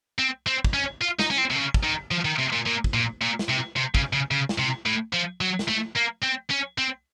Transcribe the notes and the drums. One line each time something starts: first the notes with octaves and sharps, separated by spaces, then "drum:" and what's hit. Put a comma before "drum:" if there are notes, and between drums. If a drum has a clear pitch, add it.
C4
C4
drum: kick
C#4
F4
D#4, drum: snare
C#4
C4
C3
C#3
drum: kick
D#3
F3
D#3
C3
A#2
A#2
drum: kick
A#2
A#2
drum: snare
C3
C3
C#3, drum: kick
C#3
C#3
drum: snare
C3
A2
F3
F#3
drum: snare
A3
A#3
C4
C#4
C4